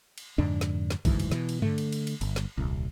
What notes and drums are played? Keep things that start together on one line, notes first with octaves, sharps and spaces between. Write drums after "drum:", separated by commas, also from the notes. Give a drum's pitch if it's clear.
drum: cymbal
F2 G#2 D3 D4
drum: snare
drum: snare
F#1 D2 G#2 E3, drum: kick A1, cymbal
drum: cymbal
B2 E3, drum: snare
drum: cymbal
D3 A3, drum: tom G2
drum: cymbal
drum: cymbal
drum: cymbal
G1, drum: cymbal
drum: snare
D#1 C2